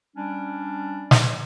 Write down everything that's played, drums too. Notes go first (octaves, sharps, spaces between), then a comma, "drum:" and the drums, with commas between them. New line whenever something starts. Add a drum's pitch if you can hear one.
G3 C#4 D4
drum: snare